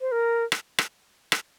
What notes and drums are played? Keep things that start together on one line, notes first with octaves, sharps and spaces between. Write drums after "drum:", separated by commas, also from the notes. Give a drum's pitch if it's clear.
C5
A#4
drum: rim click
drum: rim click
drum: rim click